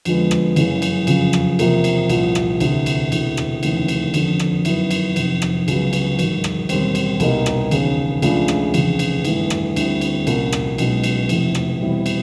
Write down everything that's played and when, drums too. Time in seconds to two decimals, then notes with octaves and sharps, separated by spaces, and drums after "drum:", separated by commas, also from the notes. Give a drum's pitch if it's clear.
0.05 F2 D3 F3 G#3 B3, drum: cymbal
0.31 drum: rim click
0.56 F#1 F#2 C#3 E3, drum: cymbal
0.82 drum: cymbal
1.07 F#1 F2 C#3 F3, drum: cymbal
1.33 drum: rim click
1.59 E2 C3 F3 A#3, drum: cymbal
1.84 drum: cymbal
2.09 C2 A#2 F3, drum: cymbal
2.35 drum: rim click
2.60 D2 C3 E3, drum: cymbal
2.86 drum: cymbal
3.12 E1 D2 C3 E3, drum: cymbal
3.37 drum: rim click
3.63 F1 D#2 C#3 E3 A3, drum: cymbal
3.88 drum: cymbal
4.14 F1 F2 D3, drum: cymbal
4.40 drum: rim click
4.65 F#2 D#3 F#3 B3 E4, drum: cymbal
4.91 drum: cymbal
5.16 F1 F2 C3 D#3, drum: cymbal
5.42 drum: rim click
5.68 C#2 C#3 F#3 B3, drum: cymbal
5.93 drum: cymbal
6.19 A1 G#2 D#3 F#3, drum: cymbal
6.44 drum: rim click
6.69 E1 D#2 D#3 G3 C4, drum: cymbal
6.95 drum: cymbal
7.20 C2 B2 G3 A#3 D#4, drum: cymbal
7.46 drum: rim click
7.71 E1 D#2 C#3, drum: cymbal
8.22 C#2 C#3 F3 A3 D4, drum: cymbal
8.48 drum: rim click
8.74 F1 E2 C#3, drum: cymbal
8.99 drum: cymbal
9.25 G#1 G2 E3 A3, drum: cymbal
9.50 drum: rim click
9.76 D2 D3 G3 C4 E4, drum: cymbal
10.01 drum: cymbal
10.27 C2 A#2 F3 A#3 C#4, drum: cymbal
10.52 drum: rim click
10.78 B1 B2 G#3 C#4 E4, drum: cymbal
11.04 drum: cymbal
11.29 F1 F2 C3 E3 A3, drum: cymbal
11.55 drum: rim click
11.81 E2 B2 G3 C4 E4
12.06 drum: cymbal